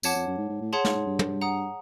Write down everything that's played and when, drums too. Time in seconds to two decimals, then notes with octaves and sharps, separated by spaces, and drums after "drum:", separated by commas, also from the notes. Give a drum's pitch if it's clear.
0.03 F2 C#5 F#5 A5 D6, drum: tambourine
0.15 F2
0.27 F#2
0.38 G#2
0.49 G#2
0.61 A2
0.73 G#4 C#5 F#5 A5 C6
0.85 G#2, drum: snare
0.95 G#2
1.06 G2
1.19 drum: tom
1.41 F#5 A#5 D#6